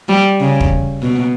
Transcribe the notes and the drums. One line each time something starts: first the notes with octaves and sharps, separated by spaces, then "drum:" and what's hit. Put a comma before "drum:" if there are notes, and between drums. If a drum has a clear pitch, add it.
G3
C#3
drum: kick
B2